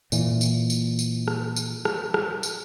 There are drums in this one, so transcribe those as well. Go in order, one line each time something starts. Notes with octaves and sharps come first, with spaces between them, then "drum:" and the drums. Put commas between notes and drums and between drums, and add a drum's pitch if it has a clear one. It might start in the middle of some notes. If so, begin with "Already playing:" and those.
A#2 E3, drum: tambourine
drum: tambourine
drum: tambourine
drum: tambourine
drum: rim click
drum: tambourine
drum: rim click
drum: rim click
drum: tambourine